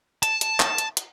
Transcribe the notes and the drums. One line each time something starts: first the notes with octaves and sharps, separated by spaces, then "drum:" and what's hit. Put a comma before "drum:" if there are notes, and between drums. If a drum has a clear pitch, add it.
A5, drum: hi-hat
drum: hi-hat
drum: clap
drum: hi-hat
drum: hi-hat